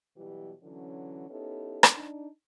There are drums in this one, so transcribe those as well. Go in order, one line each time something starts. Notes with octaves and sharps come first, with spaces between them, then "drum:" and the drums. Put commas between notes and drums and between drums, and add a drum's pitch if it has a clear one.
B2 E3 F#3 G3 B3 G4
D3 E3 F#3 C#4
B3 C#4 D#4 E4 G4 A4
drum: rim click
D4 D#4